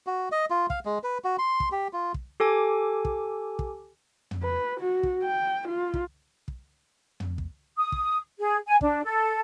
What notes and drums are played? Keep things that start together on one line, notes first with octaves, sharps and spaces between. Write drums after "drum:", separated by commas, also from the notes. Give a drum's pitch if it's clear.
F#4
D#5
F4
F5, drum: kick
G#3
B4
F#4
C6
drum: kick
G4
F4
drum: kick
G4 A4 G#5 D6
drum: kick
drum: kick
drum: tom
B4
F#4
drum: kick
G5
F4
drum: kick
drum: kick
drum: tom
drum: kick
D#6
drum: kick
G#4
G#5
D4, drum: kick
A4